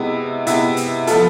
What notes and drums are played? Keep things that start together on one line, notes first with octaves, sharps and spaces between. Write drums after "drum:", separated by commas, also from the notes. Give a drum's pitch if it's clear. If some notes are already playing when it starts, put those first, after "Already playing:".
Already playing: C3 G#3 B3 E4
C3 G#3 B3 E4, drum: hi-hat
drum: hi-hat
F3 B3 F4 A4, drum: hi-hat